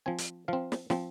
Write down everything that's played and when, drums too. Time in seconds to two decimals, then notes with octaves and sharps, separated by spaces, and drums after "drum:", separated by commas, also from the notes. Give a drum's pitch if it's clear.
0.06 F3 C4 G#5
0.18 drum: hi-hat
0.48 F3 C4 F5
0.72 drum: snare
0.90 F3 C4, drum: snare